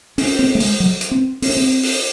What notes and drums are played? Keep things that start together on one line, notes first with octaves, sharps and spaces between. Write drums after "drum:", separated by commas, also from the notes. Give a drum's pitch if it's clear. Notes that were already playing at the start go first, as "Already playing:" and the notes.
C#4, drum: open hi-hat
C4
A3
G#3, drum: open hi-hat
F#3
drum: hi-hat
C4
C4, drum: open hi-hat
C#4
C4
drum: open hi-hat